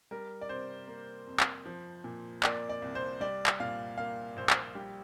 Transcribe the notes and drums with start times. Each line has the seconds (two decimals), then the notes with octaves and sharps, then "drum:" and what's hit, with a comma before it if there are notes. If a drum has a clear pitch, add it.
0.11 G3 A#4
0.41 D5
0.49 C3 C5
0.88 A#3
1.27 F2
1.40 drum: clap
1.65 F3
2.04 A#2
2.43 A#3 D5, drum: clap
2.69 D5
2.82 C2
2.95 C5
3.20 G3 D5
3.46 drum: clap
3.60 A#2 F5
3.98 A#3 F5
4.36 A#1 C5
4.50 drum: clap
4.75 G3 G4